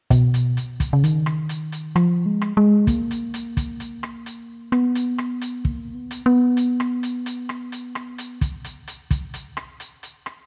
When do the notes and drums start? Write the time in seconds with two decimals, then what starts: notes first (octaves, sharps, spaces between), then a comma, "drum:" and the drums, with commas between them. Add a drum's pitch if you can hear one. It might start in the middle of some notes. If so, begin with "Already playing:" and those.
0.10 B2, drum: kick, hi-hat
0.34 drum: hi-hat
0.57 drum: hi-hat
0.80 drum: kick, hi-hat
0.93 C#3
1.04 D#3, drum: hi-hat
1.26 drum: rim click
1.49 drum: hi-hat
1.72 drum: hi-hat
1.96 F3, drum: rim click
2.26 G#3
2.41 drum: rim click
2.57 G#3
2.87 A#3, drum: kick, hi-hat
3.11 drum: hi-hat
3.34 drum: hi-hat
3.57 drum: kick, hi-hat
3.80 drum: hi-hat
4.03 drum: rim click
4.26 drum: hi-hat
4.72 B3, drum: rim click
4.95 drum: hi-hat
5.18 drum: rim click
5.41 drum: hi-hat
5.65 A#3, drum: kick
5.95 B3
6.11 drum: hi-hat
6.26 B3
6.57 drum: hi-hat
6.80 drum: rim click
7.03 drum: hi-hat
7.26 drum: hi-hat
7.49 drum: rim click
7.72 drum: hi-hat
7.95 drum: rim click
8.18 drum: hi-hat
8.41 drum: kick, hi-hat
8.64 drum: hi-hat
8.88 drum: hi-hat
9.11 drum: kick, hi-hat
9.34 drum: hi-hat
9.57 drum: rim click
9.80 drum: hi-hat
10.03 drum: hi-hat
10.26 drum: rim click